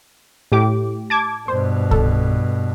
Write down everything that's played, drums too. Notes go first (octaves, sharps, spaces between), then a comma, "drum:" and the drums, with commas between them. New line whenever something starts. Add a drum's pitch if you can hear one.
A2 G4 D6
A5 D6 G#6
G2 B2 C5
A4, drum: kick C2